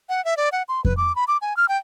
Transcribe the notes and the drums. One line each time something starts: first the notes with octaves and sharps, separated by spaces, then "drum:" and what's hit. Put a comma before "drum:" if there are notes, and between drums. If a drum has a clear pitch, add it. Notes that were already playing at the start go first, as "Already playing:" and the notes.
F#5
E5
D5
F#5
C6
B4, drum: kick F2
D6
B5
D6
G#5
F6
G5